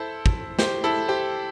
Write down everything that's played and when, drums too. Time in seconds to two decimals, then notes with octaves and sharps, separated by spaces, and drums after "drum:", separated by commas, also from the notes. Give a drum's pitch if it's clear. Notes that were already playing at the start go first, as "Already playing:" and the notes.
Already playing: E4 A4 C5
0.26 drum: kick
0.59 G4 C5, drum: snare
0.84 E4 A4
1.08 G4 C5